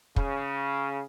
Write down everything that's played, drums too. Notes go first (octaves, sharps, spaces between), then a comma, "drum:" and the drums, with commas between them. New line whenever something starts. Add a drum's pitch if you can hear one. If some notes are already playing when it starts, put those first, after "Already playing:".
C#3, drum: kick